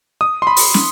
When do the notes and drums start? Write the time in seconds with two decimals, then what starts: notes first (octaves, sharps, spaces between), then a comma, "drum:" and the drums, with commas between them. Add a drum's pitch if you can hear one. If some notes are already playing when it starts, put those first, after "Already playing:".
0.21 D#6
0.42 C6
0.47 B5
0.56 drum: open hi-hat
0.74 drum: snare